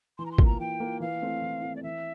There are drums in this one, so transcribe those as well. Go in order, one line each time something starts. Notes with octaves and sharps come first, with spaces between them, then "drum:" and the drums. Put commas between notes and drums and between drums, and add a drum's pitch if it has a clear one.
E3 C6
A#5
C6
A#3 F4, drum: kick
A#5
E3 G5
A#3 F4
E3 F5
A3 C4
E3
A3 C4
D5
E3 E5